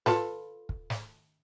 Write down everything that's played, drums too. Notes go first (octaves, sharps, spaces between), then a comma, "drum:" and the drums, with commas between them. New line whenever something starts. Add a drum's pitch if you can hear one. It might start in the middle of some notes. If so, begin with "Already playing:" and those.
F4 A4 B4, drum: snare
drum: kick
drum: snare